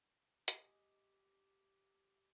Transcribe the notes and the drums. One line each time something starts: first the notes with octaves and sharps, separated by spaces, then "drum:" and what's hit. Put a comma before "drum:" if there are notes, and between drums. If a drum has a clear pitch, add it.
G#3 G4 D#5, drum: hi-hat